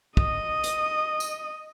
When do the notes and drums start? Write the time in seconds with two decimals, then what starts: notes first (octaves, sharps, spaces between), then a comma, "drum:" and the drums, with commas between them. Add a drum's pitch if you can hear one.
0.17 D#5 D#6, drum: kick
0.64 drum: hi-hat
1.20 drum: tambourine